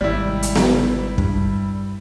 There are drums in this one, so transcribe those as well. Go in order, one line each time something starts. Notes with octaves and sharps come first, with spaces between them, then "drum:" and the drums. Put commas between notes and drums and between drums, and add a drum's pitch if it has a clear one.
G#1 C3 G3 E4
drum: hi-hat
drum: snare B3
G2, drum: kick